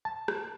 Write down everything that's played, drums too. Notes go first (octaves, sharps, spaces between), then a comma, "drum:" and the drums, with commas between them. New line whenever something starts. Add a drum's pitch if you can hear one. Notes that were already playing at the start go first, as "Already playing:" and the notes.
A5
drum: rim click